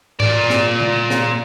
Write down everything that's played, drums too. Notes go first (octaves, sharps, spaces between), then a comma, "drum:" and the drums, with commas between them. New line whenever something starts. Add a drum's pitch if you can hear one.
A#2 D5, drum: tom G#2
drum: snare
drum: tom C#3
drum: snare